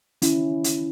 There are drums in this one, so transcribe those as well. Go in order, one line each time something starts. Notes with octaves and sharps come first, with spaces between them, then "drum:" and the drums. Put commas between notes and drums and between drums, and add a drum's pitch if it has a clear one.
D#3 C#4 E4, drum: hi-hat
drum: hi-hat